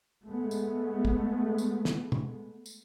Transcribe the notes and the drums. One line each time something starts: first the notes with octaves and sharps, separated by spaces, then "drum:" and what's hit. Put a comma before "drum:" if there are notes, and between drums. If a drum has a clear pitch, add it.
G#3 A3 B3
drum: tambourine
drum: kick
drum: tambourine
drum: snare
drum: tom
drum: tambourine